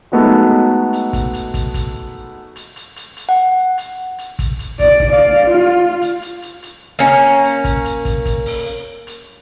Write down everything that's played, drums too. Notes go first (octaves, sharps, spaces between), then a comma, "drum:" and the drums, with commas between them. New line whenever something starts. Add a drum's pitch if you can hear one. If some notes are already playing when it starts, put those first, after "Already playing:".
F#3 G#3 A3 B3 D#4 F#4
drum: hi-hat
drum: kick, hi-hat
drum: hi-hat
drum: kick, hi-hat
drum: kick, hi-hat
drum: hi-hat
drum: hi-hat
drum: hi-hat
drum: hi-hat
F#5
drum: hi-hat
drum: hi-hat
drum: kick, hi-hat
drum: hi-hat
D5, drum: kick, hi-hat
drum: kick
D5 F5
F4
drum: hi-hat
drum: hi-hat
drum: hi-hat
drum: hi-hat
A#3 C#4
drum: hi-hat
drum: kick, hi-hat
drum: hi-hat
drum: kick, hi-hat
drum: kick, hi-hat
drum: open hi-hat
drum: hi-hat